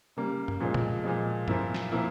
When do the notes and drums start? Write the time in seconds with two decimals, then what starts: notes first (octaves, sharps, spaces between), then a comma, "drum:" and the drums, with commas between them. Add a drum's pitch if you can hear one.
0.17 C#3 G3 A#3
0.48 drum: tom
0.60 A#2 F3 G#3
0.74 drum: tom
1.04 A#2 F3 G#3
1.48 A#2 F3 A#3 E4, drum: tom
1.74 drum: snare
1.91 A#2 F3 A#3 E4